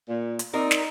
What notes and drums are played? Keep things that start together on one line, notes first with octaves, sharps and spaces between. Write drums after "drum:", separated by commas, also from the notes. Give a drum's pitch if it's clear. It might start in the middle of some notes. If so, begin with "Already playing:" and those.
A#2
drum: hi-hat
C4 D#4 A#4 D5
drum: snare